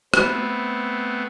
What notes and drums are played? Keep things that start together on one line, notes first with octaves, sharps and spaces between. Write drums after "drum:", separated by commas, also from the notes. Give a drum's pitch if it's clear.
A3 B3 C4, drum: rim click